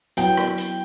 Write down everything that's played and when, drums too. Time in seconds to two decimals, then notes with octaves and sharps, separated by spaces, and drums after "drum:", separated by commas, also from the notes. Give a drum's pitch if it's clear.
0.17 F#3 B3 E4 G5, drum: hi-hat
0.38 drum: rim click
0.58 drum: hi-hat